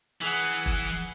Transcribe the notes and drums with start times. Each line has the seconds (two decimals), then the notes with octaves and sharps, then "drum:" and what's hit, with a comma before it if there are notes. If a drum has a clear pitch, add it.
0.22 E3 G#4 F#5, drum: hi-hat
0.51 drum: hi-hat
0.66 drum: kick, hi-hat